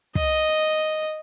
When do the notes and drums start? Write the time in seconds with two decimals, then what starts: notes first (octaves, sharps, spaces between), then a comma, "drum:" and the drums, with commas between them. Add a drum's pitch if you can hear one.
0.15 D#5, drum: kick